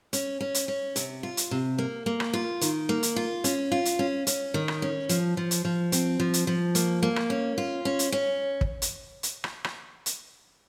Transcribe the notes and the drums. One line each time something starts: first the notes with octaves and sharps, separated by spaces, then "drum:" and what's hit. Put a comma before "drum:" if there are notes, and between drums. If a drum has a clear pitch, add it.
C#4, drum: hi-hat
C#4
drum: hi-hat
C#4
C3, drum: hi-hat
F4
drum: hi-hat
C3
A#3
A#3
drum: rim click
F4
D#3, drum: hi-hat
A#3
drum: hi-hat
F4
C#4, drum: hi-hat
F4
drum: hi-hat
C#4
C#4, drum: hi-hat
D#3
drum: rim click
C#4
F3, drum: hi-hat
F3
drum: hi-hat
F3
C4, drum: hi-hat
F3
drum: hi-hat
F3
A#3, drum: hi-hat
A#3
drum: rim click
C#4
F4
C#4
drum: hi-hat
C#4
drum: kick
drum: hi-hat
drum: hi-hat
drum: rim click
drum: rim click
drum: hi-hat